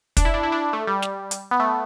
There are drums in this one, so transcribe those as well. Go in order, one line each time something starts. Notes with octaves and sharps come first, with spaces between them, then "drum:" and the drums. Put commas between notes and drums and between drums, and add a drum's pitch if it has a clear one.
D4, drum: kick, hi-hat
E4
D4
E4
D4
A3
G3
drum: snare
drum: hi-hat
B3
A3